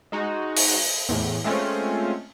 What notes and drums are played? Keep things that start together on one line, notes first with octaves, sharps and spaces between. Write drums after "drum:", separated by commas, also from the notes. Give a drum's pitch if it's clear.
G#3 D#4 F#4
drum: open hi-hat
E2 A2
G#3 A3 C4 C#4 F4